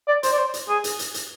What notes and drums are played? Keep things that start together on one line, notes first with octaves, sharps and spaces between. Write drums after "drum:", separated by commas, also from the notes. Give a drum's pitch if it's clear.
D5
C5, drum: hi-hat
D5
C5
drum: hi-hat
G#4
drum: hi-hat
drum: hi-hat
drum: hi-hat